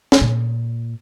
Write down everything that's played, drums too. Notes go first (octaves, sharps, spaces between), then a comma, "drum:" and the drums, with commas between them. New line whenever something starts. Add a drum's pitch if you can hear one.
drum: snare
A#2